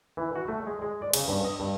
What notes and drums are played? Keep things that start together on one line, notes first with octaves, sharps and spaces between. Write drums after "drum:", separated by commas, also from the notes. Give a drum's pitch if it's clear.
E3
F#4
A3
G#3
G#3
D5
C#3, drum: cymbal
G2
D#5
G2